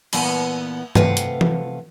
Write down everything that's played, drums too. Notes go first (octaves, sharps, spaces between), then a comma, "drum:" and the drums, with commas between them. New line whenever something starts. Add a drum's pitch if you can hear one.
A#2 E3 B3 F#5 G#5, drum: cymbal
C3 A3 B4 F5 F#5, drum: tom
drum: hi-hat
drum: tom E3